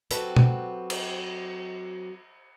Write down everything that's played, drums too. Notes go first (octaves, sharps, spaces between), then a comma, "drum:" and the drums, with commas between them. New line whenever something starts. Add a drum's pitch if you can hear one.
F#3 C4 F#4 G4 A4 B4, drum: hi-hat
drum: tom
drum: cymbal